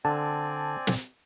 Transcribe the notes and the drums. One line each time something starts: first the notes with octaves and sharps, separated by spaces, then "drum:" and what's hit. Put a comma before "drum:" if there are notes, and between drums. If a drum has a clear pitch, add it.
D3 C4 D5 G#5 A5
drum: snare